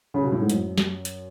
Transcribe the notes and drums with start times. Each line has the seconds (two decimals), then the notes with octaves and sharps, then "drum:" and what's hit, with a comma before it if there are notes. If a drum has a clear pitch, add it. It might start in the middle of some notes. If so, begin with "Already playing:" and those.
0.14 C#3
0.23 B2
0.32 A2
0.41 G#2
0.50 F#2, drum: hi-hat
0.78 drum: snare
1.05 drum: hi-hat